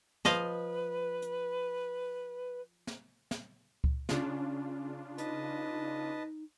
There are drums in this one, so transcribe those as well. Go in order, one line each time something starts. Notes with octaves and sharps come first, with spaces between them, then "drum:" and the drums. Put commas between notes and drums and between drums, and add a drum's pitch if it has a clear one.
F3 B4 D#5 F5, drum: snare
drum: hi-hat
drum: snare
drum: snare
drum: kick C#2
C#3 C#4 D4 F4, drum: snare
D#4 B4 D#5 A5, drum: hi-hat